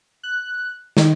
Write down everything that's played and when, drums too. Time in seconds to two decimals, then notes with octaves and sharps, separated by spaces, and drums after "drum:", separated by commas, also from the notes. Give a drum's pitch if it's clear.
0.23 F#6
0.97 D#3, drum: snare